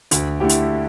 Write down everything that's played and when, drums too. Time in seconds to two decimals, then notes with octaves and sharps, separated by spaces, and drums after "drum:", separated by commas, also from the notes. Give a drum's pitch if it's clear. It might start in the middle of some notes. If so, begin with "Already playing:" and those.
0.11 D2, drum: hi-hat
0.40 D3 A3 E4 G4
0.49 drum: hi-hat